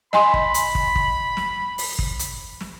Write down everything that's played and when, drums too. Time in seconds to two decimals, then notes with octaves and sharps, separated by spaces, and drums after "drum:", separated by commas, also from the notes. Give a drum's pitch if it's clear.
0.13 D#5 G#5 B5 C6, drum: snare
0.34 drum: kick
0.54 drum: hi-hat
0.75 drum: kick
0.96 drum: kick
1.37 drum: snare
1.78 drum: open hi-hat
1.99 drum: kick
2.19 drum: hi-hat
2.61 drum: snare